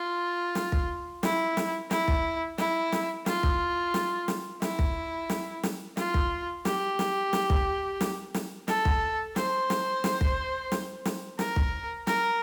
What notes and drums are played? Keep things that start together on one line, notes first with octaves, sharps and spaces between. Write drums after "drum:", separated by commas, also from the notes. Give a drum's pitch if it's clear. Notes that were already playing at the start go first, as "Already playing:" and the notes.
Already playing: F4
drum: snare
drum: kick
E4, drum: snare
drum: snare
E4, drum: snare
drum: kick
E4, drum: snare
drum: snare
F4, drum: snare
drum: kick
drum: snare
drum: snare
E4, drum: snare
drum: kick
drum: snare
drum: snare
F4, drum: snare
drum: kick
G4, drum: snare
drum: snare
drum: snare
drum: kick
drum: snare
drum: snare
A4, drum: snare
drum: kick
C5, drum: snare
drum: snare
drum: snare
drum: kick
drum: snare
drum: snare
A#4, drum: snare
drum: kick
A#4, drum: snare